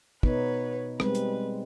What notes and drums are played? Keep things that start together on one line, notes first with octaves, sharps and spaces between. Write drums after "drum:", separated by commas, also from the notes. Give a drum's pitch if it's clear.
B2 B3 D#4 B4 C#5, drum: kick
G3 G#3 C4 B4, drum: rim click
drum: hi-hat